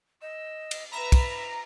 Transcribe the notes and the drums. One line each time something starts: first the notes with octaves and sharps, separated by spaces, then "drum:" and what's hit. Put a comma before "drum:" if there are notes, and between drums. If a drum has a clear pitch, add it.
D#5 E6
drum: cymbal
B4 E5 A#5 B5
drum: kick, cymbal